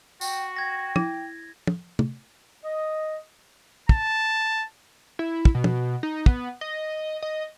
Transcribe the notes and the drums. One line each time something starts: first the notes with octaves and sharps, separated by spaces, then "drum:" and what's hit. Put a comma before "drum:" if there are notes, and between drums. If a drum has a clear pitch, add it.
F#4 G5, drum: tambourine
G5 G#6 A#6
E4, drum: tom
drum: tom
drum: tom
D#5
A5, drum: kick
E4
drum: kick
B2
drum: tom
D#4
B3, drum: kick
D#5
D#5